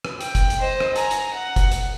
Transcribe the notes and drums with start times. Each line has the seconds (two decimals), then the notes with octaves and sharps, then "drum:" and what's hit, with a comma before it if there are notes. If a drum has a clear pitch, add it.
0.05 drum: rim click
0.21 G5, drum: hi-hat
0.35 drum: kick F1, hi-hat
0.50 drum: hi-hat
0.60 C5 D#5
0.80 drum: rim click
0.96 G#5 A#5, drum: hi-hat
1.11 drum: hi-hat
1.34 F#5
1.56 drum: kick F1, hi-hat
1.72 drum: hi-hat